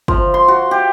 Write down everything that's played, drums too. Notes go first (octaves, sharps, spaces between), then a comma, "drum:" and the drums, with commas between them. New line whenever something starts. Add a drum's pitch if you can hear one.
F3, drum: kick
C6
F#4
G4